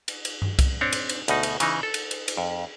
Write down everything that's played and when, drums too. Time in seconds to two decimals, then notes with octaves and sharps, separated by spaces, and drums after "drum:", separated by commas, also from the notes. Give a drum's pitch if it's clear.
0.08 drum: cymbal
0.25 drum: cymbal
0.42 drum: tom G2
0.59 drum: kick C2, cymbal
0.81 C4 D4 C#5
0.93 drum: cymbal
1.09 drum: cymbal
1.28 D2 B2 D#4, drum: cymbal
1.43 drum: cymbal
1.60 C#3 E3 D#4, drum: cymbal
1.83 A4
1.94 drum: cymbal
2.11 drum: cymbal
2.28 drum: cymbal
2.37 F2